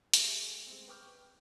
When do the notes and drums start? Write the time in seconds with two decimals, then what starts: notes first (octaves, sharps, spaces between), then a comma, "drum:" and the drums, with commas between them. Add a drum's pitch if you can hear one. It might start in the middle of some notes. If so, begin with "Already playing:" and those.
0.14 A3 G4 G#4, drum: hi-hat
0.67 G#3 C4
0.88 B4 G5 C#6 D6 F6 G6